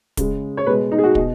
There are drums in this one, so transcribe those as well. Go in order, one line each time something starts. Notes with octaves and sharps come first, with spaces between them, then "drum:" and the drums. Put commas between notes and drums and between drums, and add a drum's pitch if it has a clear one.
C#3 G#3, drum: kick, hi-hat
C#5
B2 G#3 B4
D#4
G#4
F#4
B2 D#5, drum: kick